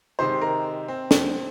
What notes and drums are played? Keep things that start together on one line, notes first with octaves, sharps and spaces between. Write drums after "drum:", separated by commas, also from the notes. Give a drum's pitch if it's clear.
C3 D#3 G#3 C5
A#4
C4
drum: snare